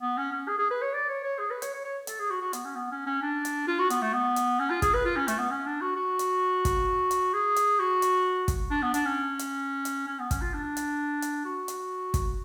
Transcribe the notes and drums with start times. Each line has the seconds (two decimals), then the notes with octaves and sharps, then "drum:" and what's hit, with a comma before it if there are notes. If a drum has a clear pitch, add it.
0.01 B3
0.17 C#4
0.32 C#4
0.48 G#4
0.58 G#4
0.70 B4
0.82 C#5
0.93 D5
1.09 C#5
1.24 C#5
1.39 G#4
1.50 B4
1.62 C#5, drum: hi-hat
1.73 C#5
1.85 C#5
2.07 A4, drum: hi-hat
2.19 G#4
2.30 F#4
2.41 F#4
2.53 B3, drum: hi-hat
2.65 C#4
2.76 B3
2.92 C#4
3.07 C#4
3.22 D4
3.45 drum: hi-hat
3.67 F4
3.79 F#4
3.90 B3, drum: hi-hat
4.02 A3
4.13 B3
4.36 drum: hi-hat
4.59 C#4
4.70 F4
4.82 G#4, drum: kick, hi-hat
4.94 B4
5.05 F4
5.16 C#4
5.28 A3, drum: hi-hat
5.39 B3
5.51 C#4
5.66 D4
5.81 F#4
5.96 F#4
6.19 drum: hi-hat
6.65 drum: kick, hi-hat
7.11 drum: hi-hat
7.34 G#4
7.56 drum: hi-hat
7.79 F#4
8.02 drum: hi-hat
8.48 drum: kick, hi-hat
8.71 D4
8.82 B3
8.94 D4, drum: hi-hat
9.05 C#4
9.39 drum: hi-hat
9.85 drum: hi-hat
10.08 C#4
10.19 B3
10.31 C#4, drum: kick, hi-hat
10.42 F4
10.54 D4
10.77 drum: hi-hat
11.22 drum: hi-hat
11.45 F#4
11.68 drum: hi-hat
12.14 drum: kick, hi-hat